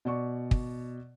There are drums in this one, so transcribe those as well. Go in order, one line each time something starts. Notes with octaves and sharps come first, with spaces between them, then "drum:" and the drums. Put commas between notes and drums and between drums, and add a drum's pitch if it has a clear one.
B2 D5 C#6
drum: kick